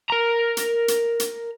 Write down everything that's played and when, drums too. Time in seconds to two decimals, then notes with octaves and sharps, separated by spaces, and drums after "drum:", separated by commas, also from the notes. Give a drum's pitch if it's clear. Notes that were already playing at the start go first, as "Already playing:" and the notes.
0.10 A#4 A#5
0.57 drum: hi-hat
0.88 drum: hi-hat
1.20 drum: hi-hat